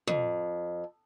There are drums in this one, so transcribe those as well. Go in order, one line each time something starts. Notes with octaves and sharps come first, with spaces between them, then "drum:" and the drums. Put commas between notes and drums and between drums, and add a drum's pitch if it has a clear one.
F2, drum: tom